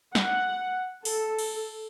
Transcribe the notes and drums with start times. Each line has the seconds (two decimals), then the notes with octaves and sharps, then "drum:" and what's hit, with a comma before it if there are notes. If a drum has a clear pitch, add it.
0.15 F#5, drum: snare
1.05 A4, drum: open hi-hat
1.39 drum: cymbal